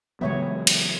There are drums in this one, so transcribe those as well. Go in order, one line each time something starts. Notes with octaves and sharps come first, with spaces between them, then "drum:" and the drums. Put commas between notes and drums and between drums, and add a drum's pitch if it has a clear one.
C#3 E3 F#3 G#3 B3 G4 C#5 E5
drum: cymbal